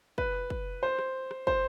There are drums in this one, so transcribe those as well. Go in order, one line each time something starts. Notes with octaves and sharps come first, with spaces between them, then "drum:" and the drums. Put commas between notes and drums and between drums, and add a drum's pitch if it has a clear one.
B4, drum: kick
drum: kick
C5
drum: rim click
drum: rim click
C5, drum: kick